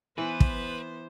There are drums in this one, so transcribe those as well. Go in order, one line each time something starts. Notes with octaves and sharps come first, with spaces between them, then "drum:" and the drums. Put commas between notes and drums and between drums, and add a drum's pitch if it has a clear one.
E3 B3 B4 C5
drum: kick